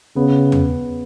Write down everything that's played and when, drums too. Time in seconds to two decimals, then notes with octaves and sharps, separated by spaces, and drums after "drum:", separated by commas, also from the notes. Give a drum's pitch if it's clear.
0.16 C#3 B3
0.52 drum: tom E2